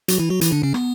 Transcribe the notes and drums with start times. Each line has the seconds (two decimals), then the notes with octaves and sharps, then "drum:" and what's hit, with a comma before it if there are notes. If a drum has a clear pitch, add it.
0.08 F#3 F#4, drum: hi-hat
0.19 E3 E4
0.30 F#3 F#4
0.41 E3 E4, drum: hi-hat
0.52 D3 D4
0.63 C#3 C#4
0.74 B3, drum: rim click